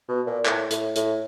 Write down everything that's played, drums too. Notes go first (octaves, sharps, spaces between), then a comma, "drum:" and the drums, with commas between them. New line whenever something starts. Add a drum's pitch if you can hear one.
B2
A#2
A2, drum: clap
A2, drum: hi-hat
A2, drum: hi-hat